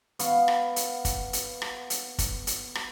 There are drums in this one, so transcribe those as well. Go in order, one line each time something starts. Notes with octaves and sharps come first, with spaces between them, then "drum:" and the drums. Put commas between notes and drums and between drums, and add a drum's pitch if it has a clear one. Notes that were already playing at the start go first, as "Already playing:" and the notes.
B3 F5 C#6, drum: hi-hat
drum: rim click
drum: hi-hat
drum: kick, hi-hat
drum: hi-hat
drum: rim click
drum: hi-hat
drum: kick, hi-hat
drum: hi-hat
drum: rim click